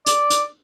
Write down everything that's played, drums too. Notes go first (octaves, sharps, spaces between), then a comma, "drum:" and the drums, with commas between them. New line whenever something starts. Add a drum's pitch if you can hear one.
D5, drum: hi-hat
drum: hi-hat